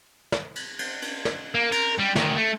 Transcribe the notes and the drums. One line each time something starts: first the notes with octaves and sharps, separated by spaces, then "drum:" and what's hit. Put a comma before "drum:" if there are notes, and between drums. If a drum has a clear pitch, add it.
drum: snare
drum: cymbal
drum: cymbal
drum: cymbal
drum: snare
A#3
A#4, drum: cymbal
G3
D2 D#3, drum: snare
A3